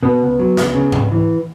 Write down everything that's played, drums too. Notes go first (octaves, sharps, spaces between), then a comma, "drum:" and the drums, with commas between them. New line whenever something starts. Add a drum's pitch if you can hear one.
B2 B3
C#2
F#3
C#2, drum: snare
C#3
C#2, drum: tom G#2
E3